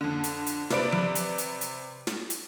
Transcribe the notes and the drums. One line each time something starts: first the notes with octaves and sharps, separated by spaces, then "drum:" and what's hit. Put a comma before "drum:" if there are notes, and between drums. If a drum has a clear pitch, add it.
F2 D3
drum: hi-hat
drum: hi-hat
C3 C4 B4 D5 B5 D7, drum: snare
drum: tom F3
drum: hi-hat
drum: hi-hat
drum: hi-hat
drum: snare
drum: hi-hat